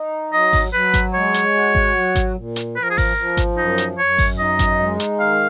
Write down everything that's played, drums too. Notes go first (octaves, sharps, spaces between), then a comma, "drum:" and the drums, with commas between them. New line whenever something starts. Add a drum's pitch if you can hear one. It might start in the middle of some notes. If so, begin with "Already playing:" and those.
Already playing: D#4
F#3 D#5
drum: kick G#1, open hi-hat
F#3 B4
drum: kick G#1, hi-hat
G#3 C#5
drum: hi-hat
F#4
drum: kick G#1
F#3
drum: kick G#1, hi-hat
A#2
drum: hi-hat
F3 B4
A#4
G#4
A#4, drum: kick G#1, open hi-hat
F3
drum: kick G#1, hi-hat
F#2 D#4
drum: hi-hat
F#2 C#5
drum: kick G#1, open hi-hat
D#4 D#5
drum: kick G#1, hi-hat
G#3
drum: hi-hat
D#3 F5